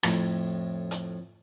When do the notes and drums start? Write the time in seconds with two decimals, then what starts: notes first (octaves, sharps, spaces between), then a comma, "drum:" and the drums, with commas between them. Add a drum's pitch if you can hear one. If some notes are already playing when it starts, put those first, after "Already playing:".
0.03 F2 A2, drum: rim click
0.91 drum: hi-hat